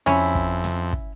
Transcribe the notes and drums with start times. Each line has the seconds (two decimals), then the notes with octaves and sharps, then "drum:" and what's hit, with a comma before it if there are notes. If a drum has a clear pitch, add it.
0.06 F2 C#4 E4, drum: snare
0.35 drum: kick
0.64 drum: snare
0.93 drum: kick